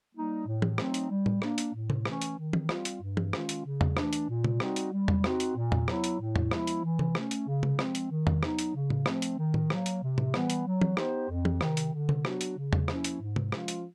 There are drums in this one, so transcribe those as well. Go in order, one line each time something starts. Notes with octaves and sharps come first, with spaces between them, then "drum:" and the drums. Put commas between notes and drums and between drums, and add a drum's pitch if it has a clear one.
G3 A#3 D#4
A2
drum: tom E3
F#3 A3 C4 D#4, drum: rim click
drum: hi-hat
G3
drum: tom A2
A#3 D4, drum: rim click
drum: hi-hat
A2
drum: tom C3
E3 A3 C#4, drum: rim click
drum: hi-hat
D#3
drum: tom E3
G3 C4 F4, drum: rim click
drum: hi-hat
G2
drum: tom E3
D#3 G#3 C#4 F4, drum: rim click
drum: hi-hat
C#3
drum: tom E2
E3 A3 D4, drum: rim click
drum: hi-hat
A#2
drum: tom C3
G3 C4 D#4 F#4, drum: rim click
drum: hi-hat
G3
drum: tom E2
C4 D#4 F#4, drum: rim click
drum: hi-hat
A#2
drum: tom E2
F#3 B3 E4, drum: rim click
drum: hi-hat
A2
drum: tom E2
F3 G#3 B3 E4, drum: rim click
drum: hi-hat
E3
drum: tom C3
A3 C#4, drum: rim click
drum: hi-hat
C#3
drum: tom C3
F3 G#3 C4, drum: rim click
drum: hi-hat
D#3
drum: tom E2
F#3 B3 D#4, drum: rim click
drum: hi-hat
C#3
drum: tom A2
F3 A3 C4, drum: rim click
drum: hi-hat
D#3
drum: tom A2
F#3 A#3, drum: rim click
drum: hi-hat
C3
drum: tom A2
E3 G3 B3, drum: rim click
drum: hi-hat
F#3
drum: tom E3
B3 D#4 G4 C5, drum: rim click
F2
drum: tom E3
C3 D#3, drum: rim click
drum: hi-hat
D3
drum: tom C3
F#3 B3 D4 F#4, drum: rim click
drum: hi-hat
C#3
drum: tom E2
F3 A#3 C#4 E4, drum: rim click
drum: hi-hat
G#2
drum: tom C3
F3 G#3 C#4 F4, drum: rim click
drum: hi-hat